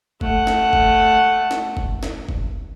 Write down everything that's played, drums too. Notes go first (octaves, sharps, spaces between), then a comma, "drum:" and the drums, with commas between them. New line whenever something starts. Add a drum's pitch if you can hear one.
A3 F#5, drum: kick
drum: snare
drum: kick
drum: snare
drum: kick
drum: snare
drum: kick